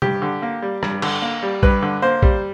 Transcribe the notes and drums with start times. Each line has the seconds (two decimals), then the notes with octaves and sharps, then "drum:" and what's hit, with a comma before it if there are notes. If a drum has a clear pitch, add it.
0.02 G2 G4, drum: tom
0.22 D3
0.42 A#3
0.62 G3
0.83 G2, drum: rim click
1.02 D3, drum: cymbal
1.22 A#3
1.43 G3
1.63 G2 B4, drum: kick
1.83 D3
2.02 A#3 C5
2.23 G3, drum: kick